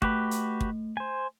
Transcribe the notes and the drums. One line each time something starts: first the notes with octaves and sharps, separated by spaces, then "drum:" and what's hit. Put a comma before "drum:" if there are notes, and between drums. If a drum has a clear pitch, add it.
A3 F#4 G4 B4, drum: kick
drum: hi-hat
drum: kick
C5 G#5